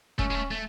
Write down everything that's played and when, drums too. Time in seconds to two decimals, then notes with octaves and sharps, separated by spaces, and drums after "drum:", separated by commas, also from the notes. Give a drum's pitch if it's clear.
0.19 A3 C#4, drum: kick E1
0.30 G#3
0.35 A3
0.51 A3